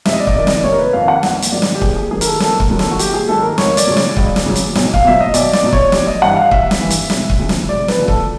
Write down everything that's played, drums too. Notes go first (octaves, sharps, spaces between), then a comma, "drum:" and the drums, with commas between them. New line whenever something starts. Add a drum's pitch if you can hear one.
F1 E5, drum: snare
D#5
D5
D#5, drum: kick
F2 C3 D#3 D5
D#5, drum: snare
D5
F1 C#5
A#4
B4
F2 C3 D#3 F5
F#5
A#1, drum: snare
drum: hi-hat
G#2 D#3 F#3 D5
drum: snare
G4
A#1 G#4, drum: kick
G#4
G#2 D#3 F#3 G#4
A#4, drum: hi-hat
A4
A#1 A4, drum: snare
A#4, drum: kick
G#2 D#3 F#3
A4, drum: snare
F#4
A#1 G4, drum: hi-hat
G#4
G#2 D#3 F#3 A4
A#4
C#2 C#5, drum: snare
D5, drum: hi-hat
C#3 F#3 C#5
D5, drum: snare
C#2, drum: kick
drum: snare
C#3 F#3
drum: hi-hat
B1, drum: snare
F5, drum: kick
B2 F#3 E5
D#5
B1 D5, drum: hi-hat
D5, drum: snare
B2 F#3
C#5, drum: kick
A1 D5, drum: snare
D#5
G2 E3 F#5
F5
A1 E5, drum: kick
drum: snare
G2 E3
drum: hi-hat
E1, drum: snare
drum: kick
D2 C#3 F3
drum: snare
E1 D5
B4, drum: snare
D2 C#3 F3
A4, drum: kick